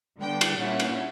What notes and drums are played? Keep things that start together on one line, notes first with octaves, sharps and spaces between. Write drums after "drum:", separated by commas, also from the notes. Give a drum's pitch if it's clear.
D3 G3 B3 D4 G5
drum: cymbal
A#2 G3 A#3 C#4 E4 F#5
drum: cymbal